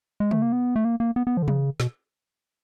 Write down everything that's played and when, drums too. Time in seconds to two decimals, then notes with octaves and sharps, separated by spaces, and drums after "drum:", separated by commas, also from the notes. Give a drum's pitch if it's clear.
0.20 G#3
0.31 A3, drum: tom
0.42 A#3
0.52 B3
0.76 A3
0.85 A#3
1.00 A#3
1.16 B3
1.27 B3
1.37 F3
1.42 D3
1.48 C#3, drum: tom
1.80 B2, drum: snare